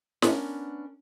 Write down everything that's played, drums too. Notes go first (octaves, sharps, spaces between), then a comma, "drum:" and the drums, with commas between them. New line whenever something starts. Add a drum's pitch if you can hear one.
B3 C#4 D4 A#4, drum: snare